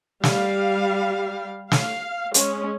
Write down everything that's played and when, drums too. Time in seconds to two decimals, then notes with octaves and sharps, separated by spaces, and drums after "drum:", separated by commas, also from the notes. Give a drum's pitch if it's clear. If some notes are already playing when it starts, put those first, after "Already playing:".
0.23 G3 F5, drum: snare
1.71 F5, drum: snare
2.34 G#3 C#4, drum: hi-hat